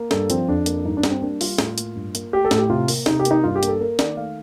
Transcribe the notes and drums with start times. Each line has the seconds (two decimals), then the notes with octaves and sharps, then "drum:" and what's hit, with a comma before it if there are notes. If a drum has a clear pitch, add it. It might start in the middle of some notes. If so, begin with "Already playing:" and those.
Already playing: A#3
0.11 G2 A4, drum: snare
0.30 F3 C4, drum: hi-hat
0.48 F2 D4
0.66 A#3, drum: hi-hat
0.85 G2 D#4
0.97 D4
1.03 G3, drum: snare
1.10 C4
1.22 A#3 D4
1.41 G3 F4, drum: open hi-hat
1.58 A2, drum: snare
1.78 A#3, drum: hi-hat
1.96 G2
2.15 A#3, drum: hi-hat
2.33 A3 G4
2.45 A4
2.51 A2, drum: snare
2.58 G4
2.70 C3 F4
2.88 A#3, drum: open hi-hat
3.06 C3 D#4, drum: snare
3.19 G4
3.25 A#3, drum: hi-hat
3.31 D#4
3.44 G2 F4
3.56 G4
3.63 A#3, drum: hi-hat
3.68 A4
3.80 A#3 A#4
3.99 D#3 D5, drum: snare
4.17 A3 F5